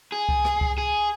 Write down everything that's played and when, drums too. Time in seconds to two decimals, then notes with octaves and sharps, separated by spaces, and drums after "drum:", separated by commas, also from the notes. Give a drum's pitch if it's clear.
0.12 G#4
0.29 drum: kick C2
0.45 drum: rim click
0.61 drum: kick C2
0.78 G#4